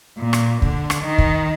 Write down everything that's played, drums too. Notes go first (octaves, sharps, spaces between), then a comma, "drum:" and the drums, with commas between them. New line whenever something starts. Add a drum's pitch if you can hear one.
A#2
drum: rim click
D3, drum: kick
drum: rim click
D#3
drum: kick